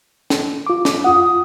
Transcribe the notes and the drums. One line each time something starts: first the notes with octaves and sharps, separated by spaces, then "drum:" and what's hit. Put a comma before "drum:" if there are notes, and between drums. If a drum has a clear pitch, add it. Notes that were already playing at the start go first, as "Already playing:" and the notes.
drum: snare
F4 D6
D6, drum: snare
F2 F4 F#5 D#6